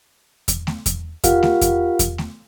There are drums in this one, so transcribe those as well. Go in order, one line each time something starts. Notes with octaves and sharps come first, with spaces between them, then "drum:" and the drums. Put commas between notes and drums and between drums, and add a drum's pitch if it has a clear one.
drum: kick E2, hi-hat
drum: snare A3
drum: kick E2, hi-hat
F4 G4 A#4 F5 F#5, drum: kick E2, hi-hat
drum: snare A3
drum: kick E2, hi-hat
drum: kick E2, hi-hat
drum: snare A3